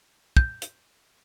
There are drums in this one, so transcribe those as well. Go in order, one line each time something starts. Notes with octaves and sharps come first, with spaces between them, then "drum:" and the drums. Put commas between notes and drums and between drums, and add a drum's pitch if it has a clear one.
G6, drum: kick
drum: hi-hat